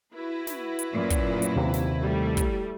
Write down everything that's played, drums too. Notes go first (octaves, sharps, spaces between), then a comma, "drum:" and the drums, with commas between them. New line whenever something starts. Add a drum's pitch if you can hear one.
E4 F#4 B4
drum: snare
drum: hi-hat
F#2 A#2
drum: kick, hi-hat
drum: hi-hat
D#2 C3
drum: snare
G3 A3
drum: kick, hi-hat